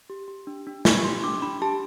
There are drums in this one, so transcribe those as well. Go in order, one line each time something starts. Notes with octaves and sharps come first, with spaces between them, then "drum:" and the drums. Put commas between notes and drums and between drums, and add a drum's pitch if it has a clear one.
G4
G4
D4
D4
G4 B5, drum: snare
G4 C6
D4 D6
D4 B5
G4 A5